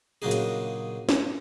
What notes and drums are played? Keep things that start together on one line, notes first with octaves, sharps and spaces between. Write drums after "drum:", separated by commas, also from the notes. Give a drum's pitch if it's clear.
A#2 C#3 F#3 D4 D#4 G#4
drum: hi-hat
drum: snare